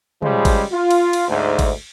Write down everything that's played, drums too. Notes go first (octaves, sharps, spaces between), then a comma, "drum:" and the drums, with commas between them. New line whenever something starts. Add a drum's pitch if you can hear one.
C#3 F3 G3 G#3, drum: tom
drum: kick G#1, cymbal
F4
drum: cymbal
drum: cymbal
D2 G#2
drum: kick G#1, cymbal